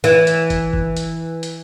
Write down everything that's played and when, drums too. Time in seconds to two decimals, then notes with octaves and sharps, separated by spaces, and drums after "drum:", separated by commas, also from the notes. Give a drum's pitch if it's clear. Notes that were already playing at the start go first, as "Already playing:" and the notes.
0.04 E3, drum: hi-hat
0.27 drum: hi-hat
0.50 drum: kick F#1, hi-hat
0.73 drum: kick F#1
0.97 drum: hi-hat
1.43 drum: hi-hat